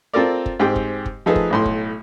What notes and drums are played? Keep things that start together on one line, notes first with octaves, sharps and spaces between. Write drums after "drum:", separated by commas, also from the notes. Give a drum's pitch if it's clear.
C4 F4 A4 A#4 D5
drum: kick
G#2 C4 G4 G5
drum: kick
drum: kick
F3 A3 D#4 G#4 A4 B4
drum: kick
B1 A2 C6
drum: kick